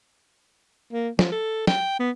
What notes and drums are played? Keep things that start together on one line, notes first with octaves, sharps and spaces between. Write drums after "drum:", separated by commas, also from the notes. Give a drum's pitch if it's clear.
A#3
F3, drum: snare
A4
G5, drum: snare
B3